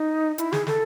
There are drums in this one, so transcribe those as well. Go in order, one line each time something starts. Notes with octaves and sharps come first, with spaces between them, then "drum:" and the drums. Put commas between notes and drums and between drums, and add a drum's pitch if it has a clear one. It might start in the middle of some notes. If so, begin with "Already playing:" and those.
Already playing: D#4
E4, drum: hi-hat
G#4, drum: snare
A4, drum: snare